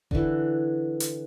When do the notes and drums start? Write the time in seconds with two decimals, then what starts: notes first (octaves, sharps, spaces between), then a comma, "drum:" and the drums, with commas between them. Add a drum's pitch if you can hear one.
0.11 D3 E3, drum: kick F#1
1.00 drum: hi-hat